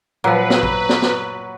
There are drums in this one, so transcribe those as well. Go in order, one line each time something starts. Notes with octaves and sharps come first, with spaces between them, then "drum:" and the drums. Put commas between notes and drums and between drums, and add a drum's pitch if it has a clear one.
A#2 F3 F#3 B4
drum: snare
drum: kick A1
drum: snare
drum: snare